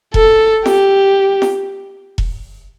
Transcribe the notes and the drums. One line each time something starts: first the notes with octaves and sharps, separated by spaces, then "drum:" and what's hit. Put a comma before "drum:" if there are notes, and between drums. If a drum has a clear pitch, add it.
A4, drum: kick E1
G4, drum: snare
drum: snare
drum: kick E1